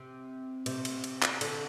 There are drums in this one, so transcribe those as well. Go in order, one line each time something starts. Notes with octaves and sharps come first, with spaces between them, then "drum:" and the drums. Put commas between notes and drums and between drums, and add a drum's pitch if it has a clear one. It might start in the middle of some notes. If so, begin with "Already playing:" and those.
Already playing: C3
C3, drum: cymbal
drum: cymbal
drum: cymbal
drum: clap
D3, drum: cymbal